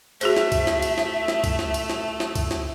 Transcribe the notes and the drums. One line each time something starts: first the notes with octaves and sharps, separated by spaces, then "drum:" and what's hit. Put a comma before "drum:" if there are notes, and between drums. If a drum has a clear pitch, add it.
A3 F#4 G#4 C5 E5, drum: cymbal
drum: snare
drum: kick C#2, cymbal
drum: snare
drum: cymbal
drum: snare
drum: snare
drum: kick C#2, cymbal
drum: snare
drum: cymbal
drum: snare
drum: snare
drum: kick C#2, cymbal
drum: snare